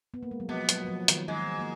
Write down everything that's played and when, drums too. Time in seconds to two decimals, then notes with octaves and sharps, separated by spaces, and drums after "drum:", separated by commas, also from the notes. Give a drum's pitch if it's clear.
0.14 B3
0.23 A#3
0.31 G#3
0.40 F#3
0.49 B2 F3 B3
0.69 F#3, drum: hi-hat
0.84 F#3
0.89 F3
1.08 D#3, drum: hi-hat
1.28 G#2 D#3 G#3
1.59 A#3